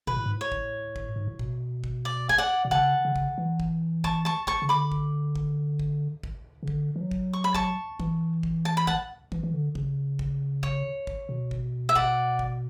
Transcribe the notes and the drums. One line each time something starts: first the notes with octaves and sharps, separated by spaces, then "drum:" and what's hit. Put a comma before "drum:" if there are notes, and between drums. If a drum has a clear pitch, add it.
B2 B4, drum: kick
A2
G#2
A2
C#5
drum: kick
drum: kick
G#2
A2
B2, drum: kick
drum: kick
D5
G#5, drum: kick
D5 F#5
B2
C#3 F#5 A5, drum: kick
C#3
drum: kick
E3
drum: kick
A5 C#6, drum: kick
A5 C#6
A5 C#6, drum: kick
C#3
D3 B5 D6
drum: kick
drum: kick
drum: kick
drum: kick
C#3
D3, drum: kick
E3
F#3
drum: kick
C#6
B5
A5 C#6, drum: kick
E3, drum: kick
drum: kick
A5
B5
F#5 A5, drum: kick
E3, drum: kick
E3
D3
C#3, drum: kick
drum: kick
C#5, drum: kick
drum: kick
B2
drum: kick
E5
D5 F#5, drum: kick
drum: kick